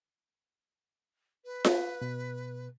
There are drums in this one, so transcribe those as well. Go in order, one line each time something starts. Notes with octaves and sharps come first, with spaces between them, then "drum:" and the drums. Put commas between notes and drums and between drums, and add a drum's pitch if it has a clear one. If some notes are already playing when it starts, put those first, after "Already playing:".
B4
drum: snare F4
B2